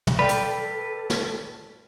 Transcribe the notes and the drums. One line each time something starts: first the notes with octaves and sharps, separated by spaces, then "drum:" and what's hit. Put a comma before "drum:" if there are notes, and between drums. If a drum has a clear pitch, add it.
drum: tom
A4 B4 D5 F5 G5 B5
drum: hi-hat
drum: snare